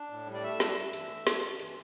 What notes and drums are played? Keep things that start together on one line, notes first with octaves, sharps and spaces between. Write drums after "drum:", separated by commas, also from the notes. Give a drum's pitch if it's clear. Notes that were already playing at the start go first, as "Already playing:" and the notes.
Already playing: D4
A2
G3
D5
A3 E5
D4, drum: snare
G2
E3, drum: hi-hat
A3
D4, drum: snare
G2
E3, drum: hi-hat